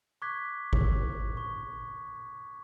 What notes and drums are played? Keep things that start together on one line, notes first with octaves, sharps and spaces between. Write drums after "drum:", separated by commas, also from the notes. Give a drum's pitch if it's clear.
C#6 D6 F#6 G#6 B6
drum: kick G1
C#6